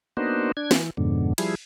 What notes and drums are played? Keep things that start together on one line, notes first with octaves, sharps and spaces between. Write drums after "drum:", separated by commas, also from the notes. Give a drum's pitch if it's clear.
A#3 B3 D4 D#4 F#4 C5
D4 G#6
E3, drum: snare
F2 G#2 B2 D3
F3 G3 E4 G#4, drum: cymbal